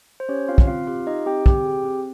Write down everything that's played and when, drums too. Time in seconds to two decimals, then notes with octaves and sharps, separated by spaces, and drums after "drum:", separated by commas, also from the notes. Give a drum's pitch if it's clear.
0.20 C5
0.29 C#4 G4 C#5
0.48 C4 F4 F5
0.58 drum: kick
0.67 C4 F4 F5
0.87 F4 G4 F5
1.07 D#4 G4 D#5
1.26 C4 G4 G5
1.46 C4 G4 G5, drum: kick
1.65 G#4
1.85 C4